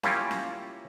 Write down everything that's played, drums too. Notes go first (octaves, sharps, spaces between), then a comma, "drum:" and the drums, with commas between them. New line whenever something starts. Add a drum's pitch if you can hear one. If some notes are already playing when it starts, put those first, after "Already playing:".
A#3 C#4 E4 F4 G4 A#4, drum: snare C#4
drum: snare C#4